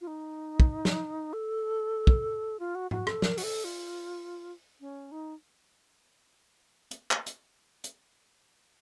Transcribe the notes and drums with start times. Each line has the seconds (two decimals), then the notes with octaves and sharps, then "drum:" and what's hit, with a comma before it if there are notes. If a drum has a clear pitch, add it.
0.01 F4
0.07 D#4
0.60 drum: kick
0.85 drum: snare
1.33 A4
2.07 drum: kick
2.59 F4
2.75 F#4
2.91 F#4, drum: tom G#2
3.07 A4, drum: rim click
3.22 A#4, drum: snare
3.38 F#4, drum: open hi-hat
3.43 A4
3.64 F4
4.80 C#4
5.12 D#4
6.91 drum: hi-hat
7.11 drum: clap
7.26 drum: hi-hat
7.84 drum: hi-hat